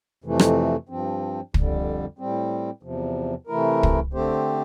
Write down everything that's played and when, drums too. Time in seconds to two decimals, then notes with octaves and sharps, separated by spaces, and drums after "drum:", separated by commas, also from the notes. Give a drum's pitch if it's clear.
0.24 F2 C3 E3 A3
0.39 drum: rim click
0.89 G2 F3 C4
1.54 F2 D3 G3, drum: kick
2.19 A2 G3 C4
2.83 E2 C3 F3
3.47 C3 E3 A3 E4 A#4
3.83 drum: kick
4.13 D3 A3 C4 G4 C5